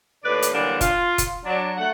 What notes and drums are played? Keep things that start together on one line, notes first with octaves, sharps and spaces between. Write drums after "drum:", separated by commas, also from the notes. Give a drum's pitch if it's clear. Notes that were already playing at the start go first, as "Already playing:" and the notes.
D#2 A2 B4 D5
drum: hi-hat
D3 E3 F#3 G3 A#3 D4
F4, drum: kick F1, hi-hat
drum: kick F1, hi-hat
F#3 D4
A3 F#5